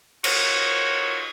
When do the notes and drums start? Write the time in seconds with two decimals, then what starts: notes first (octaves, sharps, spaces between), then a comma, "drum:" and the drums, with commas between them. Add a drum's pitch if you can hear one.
0.24 D#4 F4 F#4 A#4 C#5, drum: cymbal